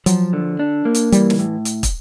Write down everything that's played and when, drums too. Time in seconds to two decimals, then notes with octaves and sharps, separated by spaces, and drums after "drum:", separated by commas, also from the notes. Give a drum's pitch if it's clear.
0.06 F3 F#3, drum: hi-hat
0.33 D3
0.59 D4
0.85 A#3
0.95 drum: hi-hat
1.12 E3 G3, drum: hi-hat
1.30 drum: snare
1.39 A2
1.65 drum: hi-hat
1.83 drum: kick, hi-hat